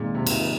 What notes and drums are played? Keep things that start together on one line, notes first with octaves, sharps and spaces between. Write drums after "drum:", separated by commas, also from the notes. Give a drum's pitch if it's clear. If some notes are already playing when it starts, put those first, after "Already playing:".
Already playing: A#2 D#3 G#3 C4 D#4 G#4
C3
G#2, drum: cymbal